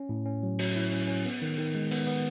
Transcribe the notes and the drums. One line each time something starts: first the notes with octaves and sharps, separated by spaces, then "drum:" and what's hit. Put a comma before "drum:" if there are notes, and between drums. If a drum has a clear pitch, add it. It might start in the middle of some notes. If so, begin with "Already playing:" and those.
Already playing: C#4
A2
C#4
F#3
F#3, drum: open hi-hat
E4
C#4
C#4
B3
D#3
D#3
G#3
B3, drum: open hi-hat
B3